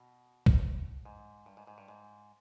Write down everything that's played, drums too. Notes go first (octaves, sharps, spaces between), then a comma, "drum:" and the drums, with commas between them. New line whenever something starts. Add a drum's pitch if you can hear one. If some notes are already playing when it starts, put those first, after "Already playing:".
Already playing: B2
drum: kick
G#2
G2
G#2
G#2
G2
G#2